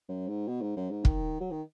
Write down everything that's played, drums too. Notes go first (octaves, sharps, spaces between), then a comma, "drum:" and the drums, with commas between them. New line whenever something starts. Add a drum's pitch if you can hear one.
F#2
G#2
B2
G#2
F#2
G#2
D#3, drum: kick
F#3
D#3